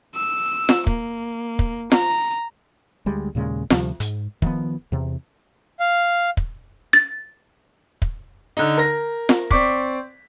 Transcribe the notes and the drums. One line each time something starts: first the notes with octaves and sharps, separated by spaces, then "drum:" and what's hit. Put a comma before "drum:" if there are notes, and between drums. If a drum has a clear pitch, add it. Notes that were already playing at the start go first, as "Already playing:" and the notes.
E6
drum: snare F4
A#3, drum: kick
drum: kick
A#5, drum: snare F4
D2 G3 G#3
D#2 A#2 C#3 G#3
D2 C3 F3 G3, drum: snare F4
G#2, drum: hi-hat
D#3 F3 G3 B3, drum: kick
E2 C3
F5
drum: kick
A6
drum: kick
D3 D#4
A#4 A#6
drum: snare F4
C4 D5 C#6 D6 B6, drum: kick